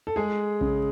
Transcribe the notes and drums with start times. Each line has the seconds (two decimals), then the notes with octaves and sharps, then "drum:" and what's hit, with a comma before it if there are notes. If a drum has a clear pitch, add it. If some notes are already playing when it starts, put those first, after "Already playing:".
0.07 A4
0.16 G#3 G#4
0.61 C#3, drum: kick A#1